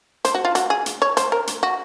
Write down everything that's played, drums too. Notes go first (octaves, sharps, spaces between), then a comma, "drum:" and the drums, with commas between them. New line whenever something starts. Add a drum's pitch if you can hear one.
C5, drum: hi-hat
F#4
F4
F#4, drum: hi-hat
G#4
drum: hi-hat
C#5
C5, drum: hi-hat
A#4
drum: hi-hat
F#4